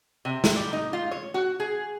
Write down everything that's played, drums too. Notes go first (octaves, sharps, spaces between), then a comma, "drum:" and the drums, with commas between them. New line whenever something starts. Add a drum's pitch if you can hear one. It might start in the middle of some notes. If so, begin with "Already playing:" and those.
C3
drum: snare
G3
D#4
F4
C#5
F#4
G#4